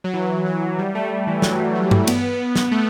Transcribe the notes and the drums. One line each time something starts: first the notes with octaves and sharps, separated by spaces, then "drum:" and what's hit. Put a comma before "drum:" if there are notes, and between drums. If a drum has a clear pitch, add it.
F#3
E3
F#3
G3
A3
A3
E3
F#3, drum: snare
E3
F#3
G3, drum: tom G2
B3, drum: cymbal
drum: snare
A3